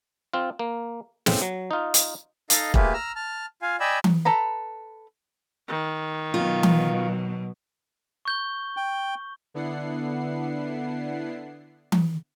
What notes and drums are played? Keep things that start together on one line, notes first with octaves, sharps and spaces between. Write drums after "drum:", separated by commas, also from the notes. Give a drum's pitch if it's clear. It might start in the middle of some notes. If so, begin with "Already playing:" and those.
C4 F4
A#3
A2 C#3 C4, drum: snare
F#3
D#4 F4
drum: hi-hat
D#4 A4 D#5 F5, drum: hi-hat
A3 A#3 F4 G4 G#4 B4, drum: kick E1
A#5 E6 F6
A5 F6
F4 F5 G#5
D5 D#5 G5 G#5 B5 E6
drum: tom E3
A4 B4 A#5 B5
D#3
B2 F#3 F4
drum: tom E3
C#6 G6 G7
G5
D3 B3 D4 E4 F#5 C7
drum: tom E3